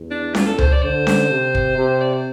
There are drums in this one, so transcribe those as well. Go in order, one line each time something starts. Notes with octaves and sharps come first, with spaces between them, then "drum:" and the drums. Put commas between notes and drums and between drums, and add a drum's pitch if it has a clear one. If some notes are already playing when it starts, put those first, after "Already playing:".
Already playing: E2
D4
F4, drum: snare C#4
A4
C5, drum: tom C#2
D5
D3 C5
drum: snare C#4
C3
drum: kick
C3
D5
C5